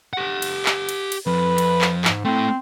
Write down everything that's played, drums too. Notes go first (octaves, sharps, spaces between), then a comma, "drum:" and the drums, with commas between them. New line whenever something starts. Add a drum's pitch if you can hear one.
G4 F#5
drum: cymbal
drum: clap
drum: cymbal
drum: cymbal
F2 B4
drum: cymbal
drum: clap
G#2, drum: clap
A3 C4 E4